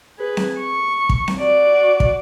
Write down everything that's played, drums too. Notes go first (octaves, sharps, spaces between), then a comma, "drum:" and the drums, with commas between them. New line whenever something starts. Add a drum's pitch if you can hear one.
G#4 B4
drum: snare C4
C#6
drum: kick
drum: snare C4
F#4 D5
drum: kick